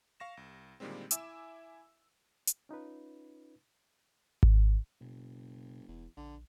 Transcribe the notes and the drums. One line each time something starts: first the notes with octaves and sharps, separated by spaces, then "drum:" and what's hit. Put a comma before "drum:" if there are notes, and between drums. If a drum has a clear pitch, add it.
F5 C#6 A#6 E7
C2
A#2 D3 D#3 G3 G#3 C4
E4 E5 G#5 D6 E6 E7, drum: hi-hat
drum: hi-hat
C#4 D#4 F4 B4
drum: kick G#1
F#1 B2
E1 E2
A#1 D3